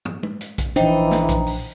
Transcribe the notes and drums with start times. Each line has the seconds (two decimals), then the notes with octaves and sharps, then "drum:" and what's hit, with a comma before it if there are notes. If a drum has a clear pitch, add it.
0.05 drum: tom
0.23 drum: tom
0.41 drum: hi-hat
0.58 drum: kick, hi-hat
0.76 A#1 E3 D4 D#4 C5 G5, drum: hi-hat
1.11 drum: snare
1.29 drum: kick, hi-hat
1.47 drum: open hi-hat